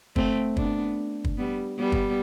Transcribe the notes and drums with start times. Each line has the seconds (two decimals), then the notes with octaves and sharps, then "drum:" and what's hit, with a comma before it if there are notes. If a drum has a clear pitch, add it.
0.16 A3 C4, drum: kick
0.57 B3 D4, drum: kick
1.25 drum: kick
1.37 G3 B3
1.78 G3 B3
1.92 drum: kick